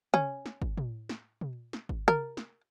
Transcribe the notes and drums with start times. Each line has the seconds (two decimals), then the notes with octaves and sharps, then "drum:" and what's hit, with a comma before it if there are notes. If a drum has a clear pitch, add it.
0.14 C#4, drum: tom
0.46 drum: snare
0.62 drum: kick G1
0.78 drum: tom
1.09 drum: snare
1.41 drum: tom
1.73 drum: snare
1.89 drum: kick G1
2.08 A#4, drum: tom
2.37 drum: snare